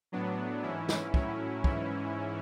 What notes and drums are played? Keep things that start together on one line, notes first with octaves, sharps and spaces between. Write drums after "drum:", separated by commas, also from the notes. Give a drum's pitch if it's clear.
A2 F#3 B3 D4
G#2 E3 C#4 E4
drum: snare
A2 F#3 C#4 E4, drum: kick
G#2 E3 C#4 E4, drum: kick